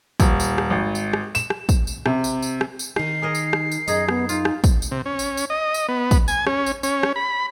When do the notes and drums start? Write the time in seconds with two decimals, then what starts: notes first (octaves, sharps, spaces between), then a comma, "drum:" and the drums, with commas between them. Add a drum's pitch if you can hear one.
0.20 D#1, drum: kick, tambourine
0.40 drum: tambourine
0.58 drum: rim click
0.70 G#1
0.95 drum: tambourine
1.13 drum: rim click
1.35 E7, drum: tambourine
1.50 drum: rim click
1.69 drum: kick, tambourine
1.87 drum: tambourine
2.06 C3, drum: rim click
2.24 drum: tambourine
2.42 drum: tambourine
2.61 drum: rim click
2.79 drum: tambourine
2.96 D#3 D#4 C7, drum: rim click
3.22 G#4 A#4 D#5
3.35 drum: tambourine
3.53 drum: rim click
3.72 drum: tambourine
3.88 F#2 D#4 G#4 D#5, drum: tambourine
4.09 B3, drum: rim click
4.29 D#4 F4, drum: tambourine
4.45 drum: rim click
4.64 drum: kick, tambourine
4.82 drum: tambourine
4.91 C3
5.06 C#4
5.19 drum: tambourine
5.37 drum: tambourine
5.50 D#5
5.74 drum: tambourine
5.88 B3
6.11 drum: kick, tambourine
6.28 G#5, drum: tambourine
6.47 C#4, drum: rim click
6.66 drum: tambourine
6.83 C#4, drum: tambourine
7.03 drum: rim click
7.16 B5